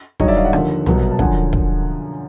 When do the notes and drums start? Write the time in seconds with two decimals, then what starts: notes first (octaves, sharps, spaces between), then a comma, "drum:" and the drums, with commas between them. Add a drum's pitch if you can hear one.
0.20 G2 D#3 F#3 C#5 D#5, drum: kick
0.28 D5 E5
0.36 D#5 F5
0.45 E5 F#5
0.53 D#2 D3 F3, drum: rim click
0.86 C2 B2 F#3, drum: tom
1.11 A5
1.19 F#2 D3 F3 F#5 G#5, drum: kick
1.53 drum: kick